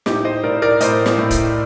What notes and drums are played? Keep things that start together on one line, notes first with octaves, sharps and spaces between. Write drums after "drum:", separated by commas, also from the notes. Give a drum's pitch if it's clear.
A2 D#4 G4, drum: snare
C5 D#5
A2 A#4 D5
A#4 D5
A2 C5 D#5, drum: hi-hat
drum: snare
A2
drum: kick, hi-hat